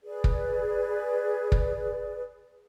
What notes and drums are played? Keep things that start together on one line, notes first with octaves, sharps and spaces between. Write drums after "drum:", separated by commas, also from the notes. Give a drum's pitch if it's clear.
G#4 B4 D5
drum: kick
drum: kick